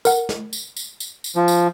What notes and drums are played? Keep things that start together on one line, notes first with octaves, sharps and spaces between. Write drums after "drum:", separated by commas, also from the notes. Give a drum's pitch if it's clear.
A#4 F#5, drum: tambourine
drum: snare
drum: tambourine
drum: tambourine
drum: tambourine
drum: tambourine
F3
drum: tambourine